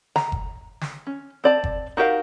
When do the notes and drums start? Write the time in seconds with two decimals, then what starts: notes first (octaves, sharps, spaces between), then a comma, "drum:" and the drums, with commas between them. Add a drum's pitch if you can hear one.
0.16 A#5, drum: snare
0.32 drum: kick F#1
0.81 drum: snare
1.07 C#4
1.44 C4 D5 A5
1.64 drum: kick F#1
1.97 D#4 F#4 G4 A#4 F5